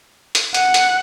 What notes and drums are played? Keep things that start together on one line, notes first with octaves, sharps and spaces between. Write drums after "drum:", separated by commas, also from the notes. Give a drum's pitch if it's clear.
drum: hi-hat
F#5, drum: hi-hat
drum: hi-hat